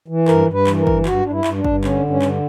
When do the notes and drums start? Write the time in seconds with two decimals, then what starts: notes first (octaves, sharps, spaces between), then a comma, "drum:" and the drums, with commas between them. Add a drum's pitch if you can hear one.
0.08 E3
0.28 G2 A#4, drum: clap
0.47 G2
0.53 B4
0.67 E3, drum: clap
0.80 A#4
0.87 G2, drum: kick
1.05 G2 F#4, drum: clap
1.25 G2 D4
1.32 E4
1.44 G2, drum: clap
1.58 D4
1.64 G2, drum: kick
1.84 D3 C#4, drum: clap
2.03 G2
2.10 C#4
2.22 D3, drum: clap